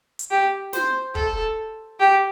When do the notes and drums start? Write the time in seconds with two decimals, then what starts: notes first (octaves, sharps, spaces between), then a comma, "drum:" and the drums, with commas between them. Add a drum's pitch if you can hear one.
0.19 drum: hi-hat
0.31 G4
0.73 C5, drum: snare
1.15 A4, drum: kick
2.00 G4